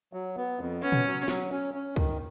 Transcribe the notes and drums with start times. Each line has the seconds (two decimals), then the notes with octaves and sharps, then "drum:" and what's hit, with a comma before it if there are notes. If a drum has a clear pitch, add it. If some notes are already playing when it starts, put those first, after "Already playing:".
0.13 F#3
0.37 B3
0.59 F2
0.82 B3 C#4
0.92 drum: tom A#2
1.05 F#3
1.28 F#3, drum: snare
1.51 C#4
1.74 C#4
1.96 D#3, drum: kick